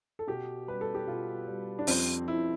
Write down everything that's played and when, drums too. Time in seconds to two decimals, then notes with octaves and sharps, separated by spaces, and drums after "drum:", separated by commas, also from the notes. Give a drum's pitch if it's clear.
0.19 A4
0.27 B2 G4
0.68 G3 B4
0.81 A4
0.95 G4
1.07 B2 F4
1.47 G3
1.79 D4
1.87 F2 C4, drum: open hi-hat
2.28 F2 E4